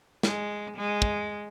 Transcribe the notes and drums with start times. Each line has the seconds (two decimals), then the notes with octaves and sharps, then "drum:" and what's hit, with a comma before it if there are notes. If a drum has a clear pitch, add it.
0.23 G#3, drum: snare
0.77 G#3
1.02 drum: kick